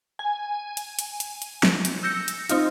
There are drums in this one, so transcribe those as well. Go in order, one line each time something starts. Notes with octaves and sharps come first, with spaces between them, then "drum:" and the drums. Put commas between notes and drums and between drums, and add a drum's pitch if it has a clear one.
G#5
drum: hi-hat
drum: hi-hat
drum: hi-hat
drum: hi-hat
drum: snare
drum: hi-hat
E6 G6 A#6 C#7
drum: hi-hat
C4 D#4 F4, drum: hi-hat